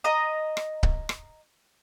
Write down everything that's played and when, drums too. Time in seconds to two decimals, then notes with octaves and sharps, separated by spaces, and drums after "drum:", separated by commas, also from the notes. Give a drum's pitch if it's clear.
0.04 D#5 A#5 D#6
0.57 drum: rim click
0.83 drum: kick C#1
1.09 drum: rim click